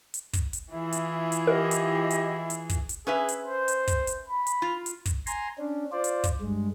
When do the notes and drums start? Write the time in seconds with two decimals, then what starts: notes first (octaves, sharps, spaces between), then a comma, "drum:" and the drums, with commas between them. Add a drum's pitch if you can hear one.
0.14 drum: hi-hat
0.33 drum: kick, hi-hat
0.53 drum: hi-hat
0.73 E3 E4 F4 G#4
0.92 drum: hi-hat
1.32 drum: hi-hat
1.47 G4 A#4 D#5 F#5
1.71 drum: hi-hat
2.10 drum: hi-hat
2.50 drum: hi-hat
2.69 drum: kick, hi-hat
2.89 drum: hi-hat
3.07 C#4 G#4 B4 E5
3.29 drum: hi-hat
3.45 C5
3.68 drum: hi-hat
3.88 drum: kick, hi-hat
4.07 drum: hi-hat
4.29 B5
4.47 drum: hi-hat
4.62 F4
4.86 drum: hi-hat
5.06 drum: kick, hi-hat
5.27 G#5 A#5 C6, drum: hi-hat
5.58 C#4 D4
5.92 F4 C5 D5
6.04 drum: hi-hat
6.24 drum: kick, hi-hat
6.41 G2 G#3